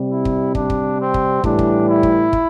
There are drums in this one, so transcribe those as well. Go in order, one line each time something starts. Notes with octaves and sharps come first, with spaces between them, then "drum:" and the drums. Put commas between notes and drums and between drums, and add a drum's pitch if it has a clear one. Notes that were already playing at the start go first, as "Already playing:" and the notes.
Already playing: C3 G3
E4
drum: kick
C3 G3 D4, drum: kick
drum: kick
C4
drum: kick
A2 E3 G3 D4, drum: kick
drum: kick
E4
drum: kick
drum: kick